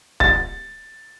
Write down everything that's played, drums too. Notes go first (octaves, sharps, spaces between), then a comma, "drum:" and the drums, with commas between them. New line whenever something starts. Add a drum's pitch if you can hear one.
A6, drum: kick